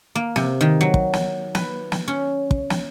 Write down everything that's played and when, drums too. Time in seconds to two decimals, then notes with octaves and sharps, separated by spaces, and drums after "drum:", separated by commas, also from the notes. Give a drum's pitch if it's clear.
0.15 A#3
0.36 C3, drum: snare
0.61 D#3
0.81 F#3
0.94 drum: kick
1.13 drum: snare
1.55 B4, drum: snare
1.92 drum: snare
2.08 C#4
2.51 drum: kick
2.70 drum: snare